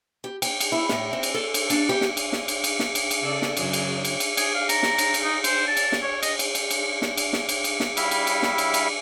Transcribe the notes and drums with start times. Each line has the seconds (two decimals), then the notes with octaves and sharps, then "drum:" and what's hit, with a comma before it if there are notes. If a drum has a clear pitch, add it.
0.24 G4
0.42 G5, drum: cymbal
0.60 drum: cymbal
0.72 E4
0.89 A2, drum: snare
1.13 C4
1.23 drum: cymbal
1.34 A4
1.54 drum: cymbal
1.70 D4, drum: cymbal
1.89 G4
2.01 drum: snare
2.17 drum: cymbal
2.33 drum: snare
2.48 drum: cymbal
2.64 drum: cymbal
2.79 drum: snare
2.95 drum: cymbal
3.11 drum: cymbal
3.23 C#3 A4 D5
3.42 drum: snare
3.57 F#2 C#3 F#3, drum: cymbal
3.73 drum: cymbal
4.05 drum: cymbal
4.20 drum: cymbal
4.37 G#4, drum: cymbal
4.55 F5
4.69 A#5, drum: cymbal
4.83 drum: snare
4.98 drum: cymbal
5.14 drum: cymbal
5.24 D#4
5.44 C5, drum: cymbal
5.68 A5
5.77 drum: cymbal
5.92 drum: snare
6.03 C#5
6.23 D#5, drum: cymbal
6.39 drum: cymbal
6.55 drum: cymbal
6.70 drum: cymbal
7.02 drum: snare
7.17 drum: cymbal
7.33 drum: snare
7.49 drum: cymbal
7.64 drum: cymbal
7.80 drum: snare
7.97 G3 E4 E5 F5, drum: cymbal
8.11 drum: cymbal
8.27 drum: cymbal
8.43 drum: snare
8.58 drum: cymbal
8.74 drum: cymbal